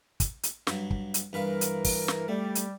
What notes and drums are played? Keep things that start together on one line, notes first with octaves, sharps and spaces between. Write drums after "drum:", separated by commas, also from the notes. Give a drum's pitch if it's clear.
drum: kick, hi-hat
drum: hi-hat
G2 F#3, drum: snare
drum: kick
drum: hi-hat
G2 E3 A#4 B4 F5
drum: hi-hat
drum: kick, open hi-hat
drum: snare
G3 A3
drum: hi-hat